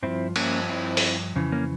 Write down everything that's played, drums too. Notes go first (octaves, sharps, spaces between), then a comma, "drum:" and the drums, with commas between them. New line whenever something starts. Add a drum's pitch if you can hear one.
G2 F3 C4 E4
A#3 C#4, drum: cymbal
C4 E4
drum: open hi-hat
F2 C#3 E3
A#3 C#4